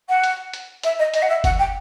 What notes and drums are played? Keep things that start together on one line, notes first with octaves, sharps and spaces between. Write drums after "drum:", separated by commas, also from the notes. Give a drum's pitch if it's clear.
F#5
drum: hi-hat
drum: hi-hat
E5, drum: hi-hat
D#5
D#5, drum: hi-hat
F#5
E5
F#5, drum: kick F#1, hi-hat
G5